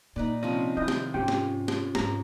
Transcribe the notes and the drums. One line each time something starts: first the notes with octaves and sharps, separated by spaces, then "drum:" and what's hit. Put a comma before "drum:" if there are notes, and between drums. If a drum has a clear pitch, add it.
A#2 D#4 B4 D5
C3 F3 C4 C#4 D#5
D#3 E4 D#5 G6
drum: snare
G#2 C#4 F4 G4 G5
drum: snare
drum: snare
G#2 A#5, drum: snare